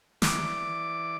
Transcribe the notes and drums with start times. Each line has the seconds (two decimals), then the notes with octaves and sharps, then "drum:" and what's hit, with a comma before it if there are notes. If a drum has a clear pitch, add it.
0.22 E3 D5 D6, drum: snare